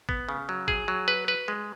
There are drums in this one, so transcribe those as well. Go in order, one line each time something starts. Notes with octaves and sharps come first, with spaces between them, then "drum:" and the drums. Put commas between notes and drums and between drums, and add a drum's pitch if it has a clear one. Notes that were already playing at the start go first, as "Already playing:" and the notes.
B3, drum: kick
C#3
F#3
G#4, drum: kick
F#3
B4
B4
G#3